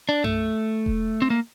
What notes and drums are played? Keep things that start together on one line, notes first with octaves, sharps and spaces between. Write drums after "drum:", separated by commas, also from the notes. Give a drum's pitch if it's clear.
D4
A3, drum: tom F#2
drum: kick E1
C4
A#3